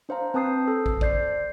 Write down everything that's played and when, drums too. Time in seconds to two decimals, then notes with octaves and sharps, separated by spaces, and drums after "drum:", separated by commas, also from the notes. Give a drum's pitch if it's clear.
0.09 D4 C5 F5 A#5
0.34 C4 B4 A5 D#6 G6 C7
0.68 A4
0.86 drum: kick
1.01 C5 D5 G6 C7, drum: kick